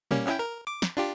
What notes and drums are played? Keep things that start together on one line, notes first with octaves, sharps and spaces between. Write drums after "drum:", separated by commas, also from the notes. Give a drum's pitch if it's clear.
G3 A#3 C#4, drum: tom A#2
C#4 E4 G5, drum: clap
A#4
D6
drum: snare
D4 F4 G4